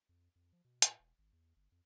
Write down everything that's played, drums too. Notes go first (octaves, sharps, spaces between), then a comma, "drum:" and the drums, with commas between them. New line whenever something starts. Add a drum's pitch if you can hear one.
F2
F2
F3
B2
A2, drum: hi-hat
E1
G#1
E2
G1
F2